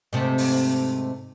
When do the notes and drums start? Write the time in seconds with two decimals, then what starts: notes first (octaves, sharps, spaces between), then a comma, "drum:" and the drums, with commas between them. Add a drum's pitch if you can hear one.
0.13 G#2 C3 A3
0.38 drum: open hi-hat